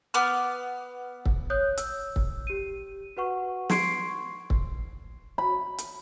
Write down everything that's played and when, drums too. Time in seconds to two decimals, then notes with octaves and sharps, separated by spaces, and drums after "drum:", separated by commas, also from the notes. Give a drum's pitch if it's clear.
0.14 B3 D6 F6
1.26 drum: kick
1.50 C#5 D#6 F#6 G6
1.77 E6, drum: hi-hat
2.16 drum: kick
2.47 G4 D#7
3.17 F#4 B4 F#5 C#6
3.69 C6 C#6 G#6 C7 D7, drum: snare
4.50 drum: kick
5.38 B5
5.78 drum: hi-hat